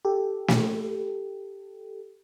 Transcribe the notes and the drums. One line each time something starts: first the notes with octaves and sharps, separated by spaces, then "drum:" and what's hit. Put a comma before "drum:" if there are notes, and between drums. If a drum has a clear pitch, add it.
G4 A4
drum: snare